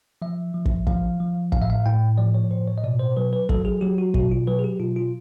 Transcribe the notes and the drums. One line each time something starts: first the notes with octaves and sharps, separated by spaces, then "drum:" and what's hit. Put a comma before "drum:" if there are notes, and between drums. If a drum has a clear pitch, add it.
F3 E5
F3
drum: kick
F3 F5, drum: kick
F3
A2 F5, drum: kick
E5
F5
A2 G5
F3 D5
C#5
A2 C5
C#5
D#5
B2 D5
C5
F#3 B4
B4
F#3 A4, drum: kick
G#4
F#3 G4
F#4
B2 F#4, drum: kick
F4
F#3 B4
G#4
G4
B2 F4
F4